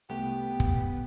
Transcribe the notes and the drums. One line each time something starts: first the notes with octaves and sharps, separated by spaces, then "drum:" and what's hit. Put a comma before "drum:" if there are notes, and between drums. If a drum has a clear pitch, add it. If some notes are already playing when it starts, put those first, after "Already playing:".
C2 A3 B3 G4
drum: kick